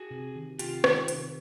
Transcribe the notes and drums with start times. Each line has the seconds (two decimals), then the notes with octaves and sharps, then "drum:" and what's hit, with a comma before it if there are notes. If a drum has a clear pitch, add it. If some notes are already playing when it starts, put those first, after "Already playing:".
Already playing: F#4 G#4
0.11 C3
0.35 D#3
0.59 C3 F4 G4, drum: hi-hat
0.84 D#3, drum: rim click
1.08 C3, drum: hi-hat